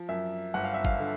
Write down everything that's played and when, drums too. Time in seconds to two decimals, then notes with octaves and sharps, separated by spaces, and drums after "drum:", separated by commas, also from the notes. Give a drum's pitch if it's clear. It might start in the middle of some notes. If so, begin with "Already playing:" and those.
Already playing: F3
0.09 F#2 E5
0.54 G1 F#5
0.64 F5
0.74 E5
0.85 F5, drum: kick
1.00 D3